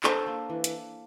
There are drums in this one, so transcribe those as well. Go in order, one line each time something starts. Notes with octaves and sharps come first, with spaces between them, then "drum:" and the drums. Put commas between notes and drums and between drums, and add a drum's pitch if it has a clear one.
D4 A4 C5, drum: clap
A#3
E3
drum: hi-hat